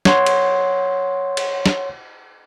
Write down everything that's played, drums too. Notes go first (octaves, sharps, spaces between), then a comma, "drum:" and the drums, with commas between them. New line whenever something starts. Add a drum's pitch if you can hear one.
C#5 F#5 C6, drum: snare
drum: cymbal
drum: cymbal
drum: snare